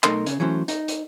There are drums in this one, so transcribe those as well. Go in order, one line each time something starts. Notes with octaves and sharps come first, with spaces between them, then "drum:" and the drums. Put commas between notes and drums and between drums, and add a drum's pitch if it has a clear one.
B1 A3 D#4 A4 A#4 C6, drum: clap
C#3, drum: hi-hat
E3 F#3 A3 C#4 C5
D#4, drum: hi-hat
drum: hi-hat